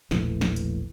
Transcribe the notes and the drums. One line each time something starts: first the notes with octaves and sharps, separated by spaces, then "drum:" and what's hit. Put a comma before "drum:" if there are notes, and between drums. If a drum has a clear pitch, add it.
E1 A#1 E3 A3, drum: snare
drum: snare
drum: hi-hat